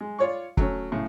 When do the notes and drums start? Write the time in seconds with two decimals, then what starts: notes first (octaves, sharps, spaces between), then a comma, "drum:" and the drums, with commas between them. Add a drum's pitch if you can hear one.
0.01 G#3
0.19 F4 C#5 D5 C#6
0.57 F#3 A3 C#4, drum: kick
0.92 A2 C#3